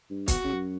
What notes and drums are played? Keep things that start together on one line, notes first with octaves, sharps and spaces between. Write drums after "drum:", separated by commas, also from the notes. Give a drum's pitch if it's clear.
G2
B2 F#4, drum: kick, hi-hat
C#3
F#2